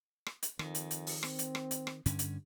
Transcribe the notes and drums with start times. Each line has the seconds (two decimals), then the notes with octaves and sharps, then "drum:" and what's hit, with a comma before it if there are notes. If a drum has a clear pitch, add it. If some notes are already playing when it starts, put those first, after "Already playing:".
0.26 drum: rim click
0.42 drum: hi-hat
0.59 F2 D#3, drum: rim click
0.75 drum: hi-hat
0.91 drum: hi-hat
1.07 drum: open hi-hat
1.23 C4, drum: rim click
1.39 drum: hi-hat
1.55 drum: rim click
1.71 drum: hi-hat
1.87 drum: rim click
2.06 G2 D3 C#4, drum: hi-hat
2.19 drum: hi-hat